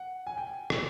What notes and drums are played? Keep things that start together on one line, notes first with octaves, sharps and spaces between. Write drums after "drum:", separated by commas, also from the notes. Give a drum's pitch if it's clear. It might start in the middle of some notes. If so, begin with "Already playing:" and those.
Already playing: F#5
G#5
G5
drum: rim click